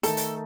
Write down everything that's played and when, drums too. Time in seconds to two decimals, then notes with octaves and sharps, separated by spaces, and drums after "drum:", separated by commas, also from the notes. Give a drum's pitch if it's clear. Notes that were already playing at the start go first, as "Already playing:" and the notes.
0.03 D#3 A3 D#4 A4, drum: hi-hat
0.17 drum: hi-hat